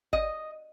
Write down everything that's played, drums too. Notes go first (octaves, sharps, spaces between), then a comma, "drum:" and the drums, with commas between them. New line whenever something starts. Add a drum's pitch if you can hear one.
D#5, drum: kick G1